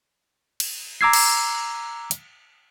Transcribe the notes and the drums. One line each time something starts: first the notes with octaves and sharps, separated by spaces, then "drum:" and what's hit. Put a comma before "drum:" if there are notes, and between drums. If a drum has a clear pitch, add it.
drum: cymbal
A#5 D6 E6 G#6 C7
drum: cymbal
drum: hi-hat